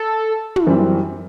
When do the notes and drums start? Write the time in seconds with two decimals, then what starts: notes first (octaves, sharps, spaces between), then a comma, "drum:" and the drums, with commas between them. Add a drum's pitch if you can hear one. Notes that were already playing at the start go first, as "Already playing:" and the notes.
Already playing: A4
0.56 drum: tom
0.67 F#2 E3 G3 C4